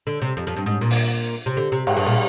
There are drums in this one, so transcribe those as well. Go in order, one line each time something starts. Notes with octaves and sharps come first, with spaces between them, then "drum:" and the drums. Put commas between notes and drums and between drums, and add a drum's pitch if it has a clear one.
D3
C3
F2
F2
G2
G#2
A#2
drum: open hi-hat
C3
D3
C3
G#2, drum: cymbal
G2
A#2